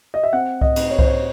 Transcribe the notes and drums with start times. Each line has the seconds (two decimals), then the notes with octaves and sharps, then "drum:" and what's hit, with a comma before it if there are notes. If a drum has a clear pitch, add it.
0.14 D#5
0.23 E5
0.33 C4 F#5
0.61 D#5, drum: kick C2
0.76 C4, drum: cymbal
0.91 C#5
0.99 C5, drum: kick C2
1.07 C#5